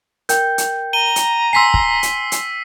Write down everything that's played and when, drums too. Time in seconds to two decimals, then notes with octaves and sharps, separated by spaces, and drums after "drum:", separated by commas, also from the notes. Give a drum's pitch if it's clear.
0.29 A#4 G5 G6, drum: hi-hat
0.58 drum: hi-hat
0.93 A#5 D#7 G7
1.16 drum: hi-hat
1.53 G#5 C6 E6 B6 C7
1.74 drum: kick
2.03 drum: hi-hat
2.32 drum: hi-hat